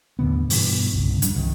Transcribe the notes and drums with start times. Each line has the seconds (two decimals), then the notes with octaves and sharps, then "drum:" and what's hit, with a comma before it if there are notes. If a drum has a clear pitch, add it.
0.19 D#2 A2 D3 B3
0.50 G2 B2 E3, drum: open hi-hat
0.92 G1 C2 C#3
1.22 F3 G3 D4, drum: hi-hat
1.35 C2 D#3